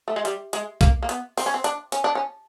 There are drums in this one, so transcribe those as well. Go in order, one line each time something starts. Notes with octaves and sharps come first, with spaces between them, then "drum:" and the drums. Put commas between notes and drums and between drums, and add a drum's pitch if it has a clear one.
A3
G#3
G3, drum: hi-hat
G#3, drum: hi-hat
A#3, drum: kick B1, hi-hat
A#3
B3, drum: hi-hat
C4, drum: open hi-hat
C#4
C4
D4, drum: hi-hat
C#4, drum: hi-hat
D4
C#4